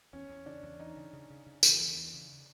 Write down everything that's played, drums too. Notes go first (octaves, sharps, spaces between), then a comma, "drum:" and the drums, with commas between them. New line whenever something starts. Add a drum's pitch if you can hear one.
E2 C#4
E2
C#3 D4
E2
E3 D#4
C#3
C#3
C#3
C#3
E3, drum: tambourine
E2
E3
C#3